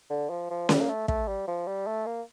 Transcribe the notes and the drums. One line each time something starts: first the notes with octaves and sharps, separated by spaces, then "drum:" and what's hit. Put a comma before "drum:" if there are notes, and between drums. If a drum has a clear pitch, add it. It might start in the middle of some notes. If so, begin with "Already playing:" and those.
D3
F3
F3
G3, drum: snare C#4
A#3
A3
A3, drum: kick
G3
F3
G3
A3
A#3